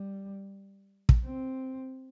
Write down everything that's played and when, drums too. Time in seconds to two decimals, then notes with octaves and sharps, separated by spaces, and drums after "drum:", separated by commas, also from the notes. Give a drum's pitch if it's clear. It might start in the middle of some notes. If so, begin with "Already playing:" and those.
Already playing: G3
1.09 drum: kick
1.26 C4